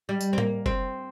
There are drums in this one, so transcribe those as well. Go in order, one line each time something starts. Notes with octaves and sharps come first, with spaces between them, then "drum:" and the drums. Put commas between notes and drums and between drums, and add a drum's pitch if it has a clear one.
G3
drum: tambourine
C4
A#3, drum: tom A2
C4, drum: kick F#1